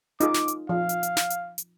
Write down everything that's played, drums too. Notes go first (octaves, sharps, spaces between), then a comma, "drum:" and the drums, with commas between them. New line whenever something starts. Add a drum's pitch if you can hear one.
D#4 F4 G#4 D6, drum: hi-hat
drum: snare
drum: hi-hat
F3 F5
drum: hi-hat
drum: hi-hat
drum: snare
drum: hi-hat
drum: hi-hat